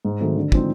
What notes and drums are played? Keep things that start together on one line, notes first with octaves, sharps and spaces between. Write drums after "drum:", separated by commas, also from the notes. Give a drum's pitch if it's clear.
G#2
D#3 F#3 A3 C4
D3
F3 G#3 C4 D#4, drum: kick